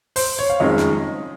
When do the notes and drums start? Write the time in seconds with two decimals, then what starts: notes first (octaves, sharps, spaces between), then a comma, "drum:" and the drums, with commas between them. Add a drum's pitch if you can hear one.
0.16 C5, drum: open hi-hat
0.39 C#5
0.50 F5
0.60 F#1 F2 D#3 G#3 C#4 D#5
0.78 drum: snare